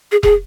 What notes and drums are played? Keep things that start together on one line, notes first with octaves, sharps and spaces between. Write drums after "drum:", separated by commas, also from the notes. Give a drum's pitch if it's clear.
G#4
G#4, drum: kick E1